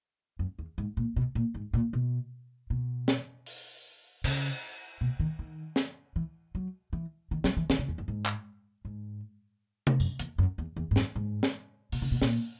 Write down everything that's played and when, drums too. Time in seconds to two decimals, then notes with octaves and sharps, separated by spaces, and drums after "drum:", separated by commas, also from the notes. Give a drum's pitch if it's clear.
0.39 F#2
0.59 E2
0.78 G#2
0.97 A#2
1.16 B2
1.35 A#2
1.54 G#2
1.74 A#2
1.93 B2
2.70 B2
3.08 drum: snare
3.46 drum: open hi-hat
4.24 C#3, drum: cymbal
5.01 B2
5.20 D#3
5.39 D#3
5.76 drum: snare
6.16 E3
6.55 F#3
6.93 E3
7.31 D#3
7.44 F#3, drum: snare
7.57 E3
7.70 D#3, drum: snare
7.79 C#3
7.88 E2
7.98 F#2
8.08 G#2
8.26 drum: clap
8.85 G#2
9.87 drum: tom C3
10.00 F#2, drum: tambourine
10.19 E2, drum: hi-hat
10.38 F#2
10.58 E2
10.76 E2
10.91 G#2
10.96 F#2, drum: snare
11.15 G#2
11.43 drum: snare
11.92 B2, drum: open hi-hat
12.02 C#3
12.12 B2
12.22 A#2, drum: snare